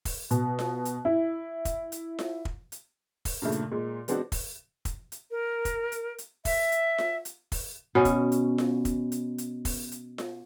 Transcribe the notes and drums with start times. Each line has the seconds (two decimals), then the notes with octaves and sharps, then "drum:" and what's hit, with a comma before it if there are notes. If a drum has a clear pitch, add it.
0.05 drum: kick, open hi-hat
0.31 B2, drum: hi-hat
0.59 drum: snare F4
0.85 drum: hi-hat
1.05 E4
1.65 drum: kick, hi-hat
1.92 drum: hi-hat
2.19 drum: snare F4
2.45 drum: kick
2.72 drum: hi-hat
3.25 drum: kick, open hi-hat
3.42 G2 A#2 C#3 A3
3.52 drum: hi-hat
3.71 A#2 G#3
4.08 G#3 B3 C4 D4 F#4, drum: hi-hat
4.32 drum: kick, open hi-hat
4.85 drum: kick, hi-hat
5.12 drum: hi-hat
5.31 A#4
5.65 drum: kick, hi-hat
5.92 drum: hi-hat
6.18 drum: hi-hat
6.45 E5, drum: kick, open hi-hat
6.72 drum: hi-hat
6.98 drum: snare F4
7.25 drum: hi-hat
7.52 drum: kick, open hi-hat
7.95 B2 C#4
8.05 drum: kick, hi-hat
8.32 drum: hi-hat
8.58 drum: snare F4
8.85 drum: kick, hi-hat
9.12 drum: hi-hat
9.38 drum: hi-hat
9.65 drum: kick, open hi-hat
9.92 drum: hi-hat
10.18 drum: snare F4